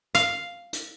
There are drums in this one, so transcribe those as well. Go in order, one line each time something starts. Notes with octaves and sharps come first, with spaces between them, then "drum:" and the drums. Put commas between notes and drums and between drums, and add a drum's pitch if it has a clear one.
F5, drum: hi-hat
drum: hi-hat